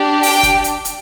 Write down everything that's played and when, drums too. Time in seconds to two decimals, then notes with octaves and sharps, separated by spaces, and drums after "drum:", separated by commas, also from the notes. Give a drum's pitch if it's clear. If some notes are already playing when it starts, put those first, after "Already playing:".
Already playing: D4 G4
0.23 G5, drum: open hi-hat
0.43 drum: kick, hi-hat
0.64 drum: hi-hat
0.85 drum: hi-hat